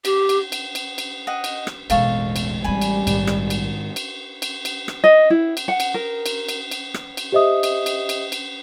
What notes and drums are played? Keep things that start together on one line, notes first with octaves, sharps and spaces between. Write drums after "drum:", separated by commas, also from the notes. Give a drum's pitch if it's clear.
G4, drum: cymbal
drum: cymbal
drum: cymbal
drum: cymbal
drum: cymbal
D#5 F#5 G5
drum: cymbal
drum: rim click
A1 E2 B2 G#3 A4 F5 C#6, drum: cymbal
drum: cymbal
G3 B3 C4 G#5 B5
drum: cymbal
A#1 G#2 D#3, drum: cymbal
drum: rim click
drum: cymbal
drum: cymbal
drum: cymbal
drum: cymbal
drum: rim click
D#5
E4
drum: cymbal
F#5
drum: cymbal
A#4
drum: cymbal
drum: cymbal
drum: cymbal
drum: rim click
drum: cymbal
G4 C5 D#5 E5 D#6
drum: cymbal
drum: cymbal
drum: cymbal
drum: cymbal